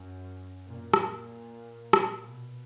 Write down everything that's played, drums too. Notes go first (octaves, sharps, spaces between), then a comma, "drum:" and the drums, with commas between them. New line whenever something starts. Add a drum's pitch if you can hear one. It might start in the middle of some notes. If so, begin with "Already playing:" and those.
Already playing: F#2
A#2
drum: rim click
drum: rim click
B2